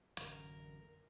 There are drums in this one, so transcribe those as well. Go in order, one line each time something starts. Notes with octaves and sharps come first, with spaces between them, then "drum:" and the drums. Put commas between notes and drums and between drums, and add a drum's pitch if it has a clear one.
A1 F#2 D3 A#4, drum: hi-hat